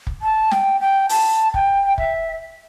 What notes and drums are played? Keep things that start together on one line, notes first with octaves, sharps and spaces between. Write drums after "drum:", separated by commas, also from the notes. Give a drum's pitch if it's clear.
drum: kick
A5
G5, drum: snare
G5
A5, drum: open hi-hat
G5, drum: kick
E5, drum: kick